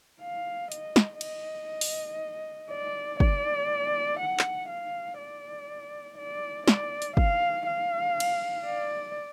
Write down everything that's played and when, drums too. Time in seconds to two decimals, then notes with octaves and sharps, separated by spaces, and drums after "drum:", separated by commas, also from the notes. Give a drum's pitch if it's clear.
0.22 F5
0.72 D#5, drum: hi-hat
0.96 drum: snare
1.21 D#5, drum: cymbal
1.81 drum: open hi-hat
2.70 D5
3.20 D5, drum: kick
4.20 F#5
4.39 drum: clap
4.69 F5
5.19 D5
6.18 D5
6.68 D5, drum: snare
7.02 drum: hi-hat
7.17 F5, drum: kick
7.67 F5
8.20 drum: cymbal
8.66 D5